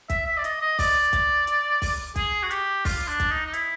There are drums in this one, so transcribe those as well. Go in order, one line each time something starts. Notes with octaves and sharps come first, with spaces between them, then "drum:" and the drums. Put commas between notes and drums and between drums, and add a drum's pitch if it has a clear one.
E5, drum: kick, hi-hat
E5
D5
D#5, drum: hi-hat
D#5
D5, drum: kick, open hi-hat
drum: kick, hi-hat
drum: hi-hat
drum: kick, open hi-hat
G#4, drum: kick, hi-hat
F#4
G4, drum: hi-hat
F4, drum: kick, open hi-hat
D4
drum: kick, hi-hat
D#4
D#4
E4, drum: hi-hat